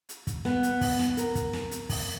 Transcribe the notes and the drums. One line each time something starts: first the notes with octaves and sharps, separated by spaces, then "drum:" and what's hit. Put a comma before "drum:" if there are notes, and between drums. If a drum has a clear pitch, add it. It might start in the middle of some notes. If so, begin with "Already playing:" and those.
drum: hi-hat
drum: kick, hi-hat
B3, drum: snare
drum: hi-hat
drum: kick, open hi-hat
drum: snare
A#4, drum: hi-hat
drum: kick, hi-hat
drum: snare
drum: hi-hat
drum: kick, open hi-hat